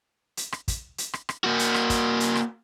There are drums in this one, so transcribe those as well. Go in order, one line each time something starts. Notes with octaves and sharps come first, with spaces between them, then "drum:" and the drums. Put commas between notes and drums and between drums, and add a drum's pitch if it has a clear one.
drum: hi-hat
drum: rim click
drum: kick, hi-hat
drum: hi-hat
drum: rim click
drum: rim click
A#3 F#4
drum: hi-hat
drum: rim click
drum: kick, hi-hat
drum: hi-hat
drum: rim click